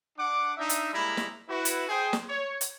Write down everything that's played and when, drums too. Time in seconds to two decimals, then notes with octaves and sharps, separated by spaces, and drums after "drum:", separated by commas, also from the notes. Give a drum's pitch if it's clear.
0.17 D4 F#5 D6
0.57 D4 D#4 E5
0.69 drum: hi-hat
0.93 G3 G#3 A#3 E4 A#5 B5
1.17 drum: snare
1.49 E4 F#4 B4
1.65 drum: hi-hat
1.89 G#4 C5 G5
2.13 drum: snare
2.29 C#5
2.61 drum: hi-hat